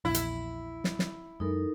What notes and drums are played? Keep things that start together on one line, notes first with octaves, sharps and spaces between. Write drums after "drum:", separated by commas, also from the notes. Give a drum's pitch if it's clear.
A#1 E2 E4
drum: hi-hat
drum: snare
drum: snare
F#2 G#3 D#4 A4 A#4